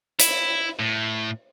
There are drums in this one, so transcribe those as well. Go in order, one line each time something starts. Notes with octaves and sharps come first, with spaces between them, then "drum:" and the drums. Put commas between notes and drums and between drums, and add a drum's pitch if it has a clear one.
E4, drum: hi-hat
A2